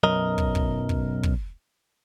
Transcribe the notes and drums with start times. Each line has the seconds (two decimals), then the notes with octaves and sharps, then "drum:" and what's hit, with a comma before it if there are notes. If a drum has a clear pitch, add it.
0.04 B1 F#2 A#4 D#5
0.38 drum: kick
0.55 drum: kick
0.89 drum: kick
1.23 drum: kick